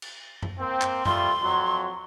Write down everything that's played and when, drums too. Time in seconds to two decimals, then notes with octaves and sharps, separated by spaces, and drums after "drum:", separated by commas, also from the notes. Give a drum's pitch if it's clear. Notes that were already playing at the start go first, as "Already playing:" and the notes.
0.02 drum: cymbal
0.43 drum: tom F#2
0.60 A#3 C4
0.82 drum: clap
1.06 G3 A3 F4 C6, drum: tom F#2
1.42 F2 F#3